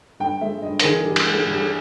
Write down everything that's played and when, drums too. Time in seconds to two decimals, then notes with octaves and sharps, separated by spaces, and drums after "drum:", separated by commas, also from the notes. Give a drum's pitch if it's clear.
0.20 G2 G5
0.41 G#3 E5
0.62 G2 D#5
0.80 A#4, drum: hi-hat
0.84 E3 G#4
0.99 G#4
1.05 G2 G4
1.16 drum: cymbal
1.26 G#3
1.33 G#4
1.47 G2 G4
1.60 G#4